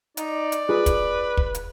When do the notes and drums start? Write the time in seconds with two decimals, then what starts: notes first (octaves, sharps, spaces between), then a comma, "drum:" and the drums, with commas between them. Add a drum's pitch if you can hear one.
0.17 D#4 D5, drum: hi-hat
0.52 drum: hi-hat
0.69 F4 G#4 B4
0.86 drum: kick, hi-hat
1.37 drum: kick
1.55 drum: hi-hat